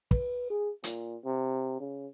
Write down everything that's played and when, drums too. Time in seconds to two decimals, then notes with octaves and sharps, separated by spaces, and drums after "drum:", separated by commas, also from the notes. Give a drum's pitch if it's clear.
0.11 B4, drum: kick
0.50 G#4
0.84 A#2, drum: hi-hat
1.25 C3
1.80 C#3